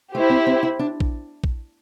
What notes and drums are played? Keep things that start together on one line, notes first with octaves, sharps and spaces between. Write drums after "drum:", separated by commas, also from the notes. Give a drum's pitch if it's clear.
A3 E4 G4 C5
C4
C4
E4
D4
drum: kick
drum: kick